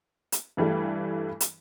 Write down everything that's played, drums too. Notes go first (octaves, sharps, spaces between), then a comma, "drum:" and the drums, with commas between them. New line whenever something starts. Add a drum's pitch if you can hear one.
drum: hi-hat
G2 E3 G3 A3
drum: hi-hat